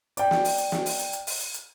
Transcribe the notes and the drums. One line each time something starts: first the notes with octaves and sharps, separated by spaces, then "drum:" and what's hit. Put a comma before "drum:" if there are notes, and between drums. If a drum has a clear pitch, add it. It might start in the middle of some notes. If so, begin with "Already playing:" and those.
D5 G5, drum: hi-hat
drum: snare
drum: open hi-hat
drum: hi-hat
drum: snare
drum: open hi-hat
drum: hi-hat
drum: hi-hat
drum: open hi-hat
drum: hi-hat
drum: hi-hat